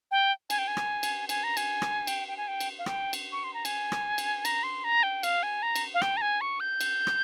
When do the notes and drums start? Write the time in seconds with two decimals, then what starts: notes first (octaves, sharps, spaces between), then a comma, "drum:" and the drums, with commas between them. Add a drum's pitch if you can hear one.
0.11 G5
0.50 G#5, drum: cymbal
0.58 G5
0.68 G#5
0.77 drum: rim click
1.03 drum: cymbal
1.29 G#5, drum: cymbal
1.44 A#5
1.57 G#5, drum: cymbal
1.82 drum: rim click
2.07 G5, drum: cymbal
2.28 G5
2.37 G#5
2.48 G5
2.60 drum: cymbal
2.79 F5
2.86 G5, drum: rim click
3.13 drum: cymbal
3.32 C#6
3.44 C6
3.54 A#5
3.65 G#5, drum: cymbal
3.92 drum: rim click
4.18 drum: cymbal
4.45 A#5, drum: cymbal
4.63 C6
4.84 A#5
5.03 G5
5.23 F5, drum: cymbal
5.43 G#5
5.63 A#5
5.76 drum: cymbal
5.94 F5
6.02 G5, drum: rim click
6.17 A#5
6.22 G#5
6.41 C#6
6.60 G6
6.81 drum: cymbal
7.07 drum: rim click